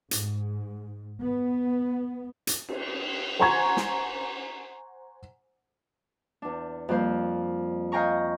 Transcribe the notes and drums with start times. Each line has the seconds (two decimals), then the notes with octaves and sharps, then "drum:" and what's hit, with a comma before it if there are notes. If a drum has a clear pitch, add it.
0.11 G#2, drum: hi-hat
1.21 B3
2.47 drum: hi-hat
2.69 drum: cymbal
3.39 C5 F#5 G#5 A#5 C#6 G#6
3.77 drum: snare
6.42 E2 D4
6.89 F2 G3 A#3 C5
7.92 D#5 F5 G5 G#5 A#5 C#6